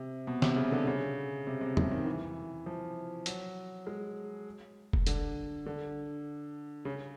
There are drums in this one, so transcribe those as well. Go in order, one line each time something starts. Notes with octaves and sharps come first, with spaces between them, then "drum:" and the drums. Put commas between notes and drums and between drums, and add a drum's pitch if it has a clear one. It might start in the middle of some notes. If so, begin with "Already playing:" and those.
Already playing: C3
B2
C3, drum: snare
C#3
D3
C#3
C3
C3
C#3, drum: tom E2
D#3
E3
F3
F#3, drum: hi-hat
G#3
drum: kick F1
D3, drum: hi-hat
D3
C#3